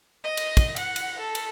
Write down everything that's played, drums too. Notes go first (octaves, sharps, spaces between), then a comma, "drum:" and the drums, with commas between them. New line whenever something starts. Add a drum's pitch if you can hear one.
D#5
drum: cymbal
drum: kick, cymbal
F#5, drum: cymbal
drum: cymbal
A4
drum: cymbal